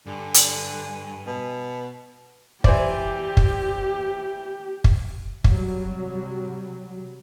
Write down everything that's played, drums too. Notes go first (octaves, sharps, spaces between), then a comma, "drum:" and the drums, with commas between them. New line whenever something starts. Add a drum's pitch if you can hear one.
G2 D3 G#5
drum: hi-hat
B2
E3 G4 C5 D5, drum: kick
drum: kick
drum: kick
C3 F#3 G3, drum: kick